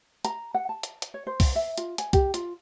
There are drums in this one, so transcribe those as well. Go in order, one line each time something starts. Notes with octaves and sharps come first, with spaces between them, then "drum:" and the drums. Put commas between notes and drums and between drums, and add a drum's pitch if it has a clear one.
A#5, drum: hi-hat
F#5
A5
drum: hi-hat
drum: hi-hat
C#5
C5
drum: kick C2, open hi-hat
E5
F4, drum: hi-hat
G#5, drum: hi-hat
G4, drum: kick C2, hi-hat
F4, drum: hi-hat